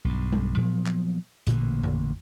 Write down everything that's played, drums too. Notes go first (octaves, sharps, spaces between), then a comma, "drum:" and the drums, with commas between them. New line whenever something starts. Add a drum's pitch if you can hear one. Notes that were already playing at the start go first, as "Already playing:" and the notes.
B1 G2
drum: tom G3
A#2 F3 F#3 B3
drum: clap
A1 A#2 D3 A#3, drum: hi-hat
drum: tom F2